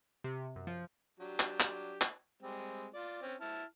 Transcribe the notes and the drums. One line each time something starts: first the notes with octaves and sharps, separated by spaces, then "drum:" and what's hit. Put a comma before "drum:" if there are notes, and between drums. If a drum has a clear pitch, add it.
C3
F#2
F3
F#3 D4 G4
drum: clap
drum: clap
drum: clap
G3 G#3 C4
F4 D5
C4 C#4
E4 A5 F6